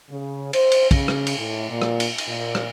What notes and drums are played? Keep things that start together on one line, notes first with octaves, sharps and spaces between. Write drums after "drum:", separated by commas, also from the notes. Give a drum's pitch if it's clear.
C#3
C5, drum: cymbal
drum: cymbal
C#3, drum: kick, cymbal
drum: rim click
drum: cymbal
A2
A#2
drum: rim click
drum: cymbal
drum: cymbal
A#2
drum: rim click